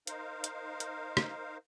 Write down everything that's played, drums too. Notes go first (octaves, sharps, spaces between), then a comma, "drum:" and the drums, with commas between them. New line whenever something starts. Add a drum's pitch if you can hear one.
D#4 A#4 C5 F5, drum: hi-hat
drum: hi-hat
drum: hi-hat
drum: rim click